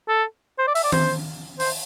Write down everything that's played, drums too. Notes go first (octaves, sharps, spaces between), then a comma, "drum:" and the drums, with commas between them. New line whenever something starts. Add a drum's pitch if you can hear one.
A4
C5
D5
E5, drum: open hi-hat
D5
C5, drum: tom D#3
C5, drum: open hi-hat